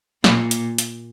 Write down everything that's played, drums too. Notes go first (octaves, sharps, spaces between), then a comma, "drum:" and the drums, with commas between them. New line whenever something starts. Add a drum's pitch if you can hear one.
A#2, drum: snare
drum: hi-hat
drum: hi-hat